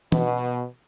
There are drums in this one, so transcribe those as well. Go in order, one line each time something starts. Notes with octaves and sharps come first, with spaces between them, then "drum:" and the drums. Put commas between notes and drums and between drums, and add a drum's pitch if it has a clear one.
B2, drum: tom